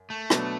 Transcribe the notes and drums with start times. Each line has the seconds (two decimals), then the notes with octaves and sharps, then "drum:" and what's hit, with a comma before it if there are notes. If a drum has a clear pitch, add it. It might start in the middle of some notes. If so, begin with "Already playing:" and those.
Already playing: F#2
0.10 A3
0.30 B2 F#3 B3 D4, drum: rim click